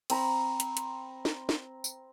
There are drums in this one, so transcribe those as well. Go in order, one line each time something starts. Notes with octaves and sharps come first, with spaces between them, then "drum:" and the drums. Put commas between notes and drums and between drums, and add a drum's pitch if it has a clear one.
C4 A#5 B5, drum: cymbal
drum: hi-hat
drum: hi-hat
drum: snare
drum: snare
drum: tambourine